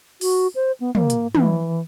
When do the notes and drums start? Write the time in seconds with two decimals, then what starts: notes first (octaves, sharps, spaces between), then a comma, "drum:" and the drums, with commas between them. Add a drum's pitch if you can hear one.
0.21 F#4, drum: open hi-hat
0.55 C5
0.80 B3
0.95 A#3, drum: tom
1.10 drum: hi-hat
1.35 E3, drum: tom